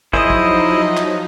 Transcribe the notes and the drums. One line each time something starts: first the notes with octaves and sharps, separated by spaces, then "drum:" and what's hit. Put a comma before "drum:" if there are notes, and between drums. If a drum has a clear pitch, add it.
F3 F#3 D#4 E4 G#4 C5 D#5, drum: kick
drum: kick
drum: clap